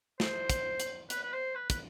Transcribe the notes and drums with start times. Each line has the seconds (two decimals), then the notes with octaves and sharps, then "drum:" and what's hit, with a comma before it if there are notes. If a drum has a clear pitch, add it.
0.20 C5, drum: snare
0.50 drum: kick, hi-hat
0.80 drum: hi-hat
1.10 B4, drum: hi-hat
1.23 B4
1.32 C5
1.55 B4
1.70 B4, drum: kick, hi-hat